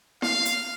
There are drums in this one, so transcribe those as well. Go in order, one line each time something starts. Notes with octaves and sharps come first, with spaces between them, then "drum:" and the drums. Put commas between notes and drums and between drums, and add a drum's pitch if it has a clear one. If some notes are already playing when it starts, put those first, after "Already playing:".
F5, drum: snare E4
drum: hi-hat